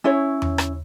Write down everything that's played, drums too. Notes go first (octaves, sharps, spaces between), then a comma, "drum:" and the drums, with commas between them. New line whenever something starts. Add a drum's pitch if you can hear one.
C#4 E4 C#5
drum: tom E2
drum: rim click